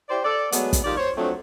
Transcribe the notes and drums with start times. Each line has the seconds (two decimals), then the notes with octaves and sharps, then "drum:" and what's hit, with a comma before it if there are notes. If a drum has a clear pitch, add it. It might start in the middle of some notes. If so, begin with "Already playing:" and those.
0.09 E4 G4 C5 D5
0.25 A4 D5
0.52 F#3 G#3 A3 B3, drum: hi-hat
0.73 drum: kick, hi-hat
0.84 D#3 F4 G4 D5
0.97 C5 C#5
1.17 F3 F#3 A3 C4 D4